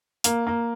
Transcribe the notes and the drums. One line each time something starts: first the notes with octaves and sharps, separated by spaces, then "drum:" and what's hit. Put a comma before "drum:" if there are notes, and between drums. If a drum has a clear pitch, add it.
A#3, drum: hi-hat
A#3